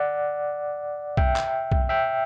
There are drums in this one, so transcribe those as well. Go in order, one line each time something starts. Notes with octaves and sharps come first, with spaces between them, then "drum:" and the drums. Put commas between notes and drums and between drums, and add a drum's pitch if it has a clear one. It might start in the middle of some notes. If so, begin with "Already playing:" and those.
Already playing: D5 F#5
E5 G5, drum: kick B1
drum: clap
drum: kick B1
E5 G5